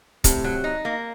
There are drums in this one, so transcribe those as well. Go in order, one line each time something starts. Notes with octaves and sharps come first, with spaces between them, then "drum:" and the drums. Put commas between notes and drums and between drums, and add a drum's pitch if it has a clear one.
A2 C3, drum: kick C#1, hi-hat
F#3
D#4
A#3